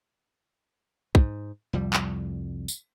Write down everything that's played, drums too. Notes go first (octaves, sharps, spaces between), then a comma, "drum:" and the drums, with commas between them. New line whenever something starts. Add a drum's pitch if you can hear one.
G#2, drum: kick
C2 F2 G3
drum: clap
drum: tambourine